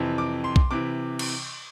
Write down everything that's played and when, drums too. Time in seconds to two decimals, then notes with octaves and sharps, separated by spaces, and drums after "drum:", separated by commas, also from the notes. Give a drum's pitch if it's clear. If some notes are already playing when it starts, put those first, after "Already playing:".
Already playing: F2 C3 E3
0.18 D6
0.44 C6
0.56 drum: kick B1
0.71 C3 E3 D6
1.19 drum: cymbal